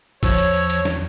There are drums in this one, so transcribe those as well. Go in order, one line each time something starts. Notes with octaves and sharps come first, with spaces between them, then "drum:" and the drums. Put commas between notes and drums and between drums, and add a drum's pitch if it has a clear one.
E2 F3 C#5 E6, drum: kick, open hi-hat
drum: hi-hat
drum: hi-hat
drum: hi-hat
drum: snare